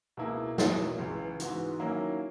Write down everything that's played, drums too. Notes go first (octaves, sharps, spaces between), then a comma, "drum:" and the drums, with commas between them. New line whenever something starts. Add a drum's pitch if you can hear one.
C#2 B2 A#3 E4
B2 F#3 A#3 E4, drum: snare
C#2 C#3 E3
G#2 E3 B3 F#4, drum: hi-hat
D#3 F#3 A#3 C#4 E4